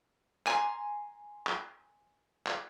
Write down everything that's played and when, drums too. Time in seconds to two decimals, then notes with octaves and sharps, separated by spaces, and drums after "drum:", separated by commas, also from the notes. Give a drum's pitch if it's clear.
0.47 G#5 A#5 C6, drum: clap
1.47 drum: clap
2.47 drum: clap